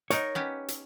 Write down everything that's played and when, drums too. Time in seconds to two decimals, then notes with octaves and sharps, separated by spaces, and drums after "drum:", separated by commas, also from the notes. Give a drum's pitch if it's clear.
0.10 D#4 A#4 C#5 F#5, drum: hi-hat
0.35 B3 C#4 G4
0.68 drum: hi-hat